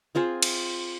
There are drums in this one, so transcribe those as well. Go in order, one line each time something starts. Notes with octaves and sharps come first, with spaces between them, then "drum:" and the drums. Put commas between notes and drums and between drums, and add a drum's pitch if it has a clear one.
C4 F4 G#4 C5
drum: cymbal